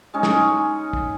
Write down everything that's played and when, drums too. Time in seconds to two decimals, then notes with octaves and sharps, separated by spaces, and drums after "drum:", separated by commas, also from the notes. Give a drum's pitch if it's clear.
0.14 G#3 C#4 D#4
0.23 drum: snare
0.93 drum: kick